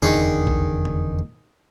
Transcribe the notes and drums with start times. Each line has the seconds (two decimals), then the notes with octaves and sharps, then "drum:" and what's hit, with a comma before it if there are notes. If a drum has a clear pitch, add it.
0.02 F1 E2 D3 D#3 G#4
0.14 drum: tom F#2
0.47 drum: kick A#1
0.85 drum: tom C3